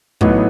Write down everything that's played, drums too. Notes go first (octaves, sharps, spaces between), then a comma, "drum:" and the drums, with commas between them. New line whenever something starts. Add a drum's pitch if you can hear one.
A1 A2 F#3 B3 D#4, drum: kick